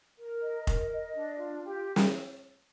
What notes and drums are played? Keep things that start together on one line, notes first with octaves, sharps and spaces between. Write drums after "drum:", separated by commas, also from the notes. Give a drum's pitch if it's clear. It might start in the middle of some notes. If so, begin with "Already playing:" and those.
A#4
D#5
A#4, drum: kick F1
D#5
D4
F4
G4
drum: snare